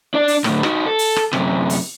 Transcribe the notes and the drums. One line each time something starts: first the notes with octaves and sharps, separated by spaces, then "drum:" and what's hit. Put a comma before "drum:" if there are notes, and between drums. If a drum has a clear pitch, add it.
D4 D5
drum: open hi-hat
A2 D3, drum: rim click
D#4 F#4, drum: rim click
A4
drum: open hi-hat
drum: rim click
F#2 C3, drum: rim click
drum: open hi-hat